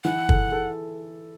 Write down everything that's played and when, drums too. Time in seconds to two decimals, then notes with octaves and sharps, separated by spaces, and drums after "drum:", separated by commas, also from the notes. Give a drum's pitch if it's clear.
0.04 E3 F#5
0.29 A4, drum: kick
0.52 A4